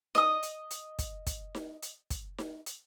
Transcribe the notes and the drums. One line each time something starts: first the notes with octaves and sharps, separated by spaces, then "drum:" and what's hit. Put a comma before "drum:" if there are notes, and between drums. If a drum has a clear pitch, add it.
D#5 D#6, drum: snare D#4
drum: hi-hat
drum: hi-hat
drum: kick, hi-hat
drum: kick, hi-hat
drum: snare D#4
drum: hi-hat
drum: kick, hi-hat
drum: snare D#4
drum: hi-hat